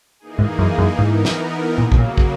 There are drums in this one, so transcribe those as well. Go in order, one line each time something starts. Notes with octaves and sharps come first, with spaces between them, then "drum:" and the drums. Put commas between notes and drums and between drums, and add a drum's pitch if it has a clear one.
E3 A#3 D#4 G#4
G#2
F#2
F#2
G#2 E3 B3 D#4 A#4
drum: snare
A#2 C#3 F#3 A#3
B2, drum: kick
A#2
drum: kick